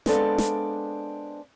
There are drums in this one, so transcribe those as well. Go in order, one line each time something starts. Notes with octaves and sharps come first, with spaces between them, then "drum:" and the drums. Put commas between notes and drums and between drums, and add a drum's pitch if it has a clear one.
G#3 B3 C4 D4 A4 F5, drum: snare
drum: snare